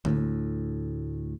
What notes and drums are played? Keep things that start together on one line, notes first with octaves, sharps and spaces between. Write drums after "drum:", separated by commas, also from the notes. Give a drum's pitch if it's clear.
D2 A2, drum: tom D3